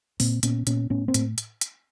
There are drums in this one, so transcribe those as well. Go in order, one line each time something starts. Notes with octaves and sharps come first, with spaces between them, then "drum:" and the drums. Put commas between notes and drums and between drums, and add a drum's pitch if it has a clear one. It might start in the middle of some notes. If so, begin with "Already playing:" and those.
A#2 A#3 C4, drum: open hi-hat
A#2 B3 C#4, drum: hi-hat
A#2 B3 C#4, drum: hi-hat
A2 B3 C#4
A#3 C4
A2, drum: hi-hat
drum: hi-hat
drum: hi-hat